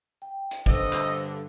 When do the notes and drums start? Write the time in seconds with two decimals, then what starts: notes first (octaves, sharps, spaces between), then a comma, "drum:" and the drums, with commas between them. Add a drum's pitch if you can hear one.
0.22 G5
0.51 drum: hi-hat
0.66 G2 D3 C5 D#5 E6, drum: kick
0.93 drum: clap